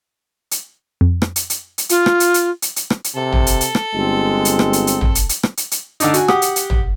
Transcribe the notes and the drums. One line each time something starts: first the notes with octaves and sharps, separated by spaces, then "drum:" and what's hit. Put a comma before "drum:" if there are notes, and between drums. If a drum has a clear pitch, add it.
drum: hi-hat
F2
drum: rim click
drum: hi-hat
drum: hi-hat
drum: hi-hat
F4, drum: hi-hat
drum: rim click
drum: hi-hat
drum: hi-hat
drum: hi-hat
drum: hi-hat
drum: rim click
drum: hi-hat
C3 A4
drum: tom
drum: hi-hat
drum: hi-hat
drum: rim click
G1 G#3 C4
drum: hi-hat
drum: rim click
drum: hi-hat
drum: hi-hat
drum: tom
drum: hi-hat
drum: hi-hat
drum: rim click
drum: hi-hat
drum: hi-hat
D3 D4 D#4, drum: hi-hat
F#4 G#5, drum: hi-hat
G4 F#5 D#6, drum: rim click
drum: hi-hat
drum: hi-hat
drum: tom